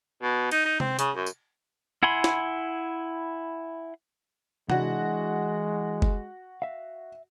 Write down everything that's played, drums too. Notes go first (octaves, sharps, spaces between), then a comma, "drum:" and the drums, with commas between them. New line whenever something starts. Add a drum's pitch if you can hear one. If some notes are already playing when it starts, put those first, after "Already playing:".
B2
D#4, drum: cymbal
D#4
C4, drum: tom C3
C#3, drum: hi-hat
F#2
drum: tambourine
E4 F#5 G#5 B5 C6
drum: snare
E3 G#3 D4 E4 F#4 F#5, drum: tom C3
drum: kick F#1
E5 F5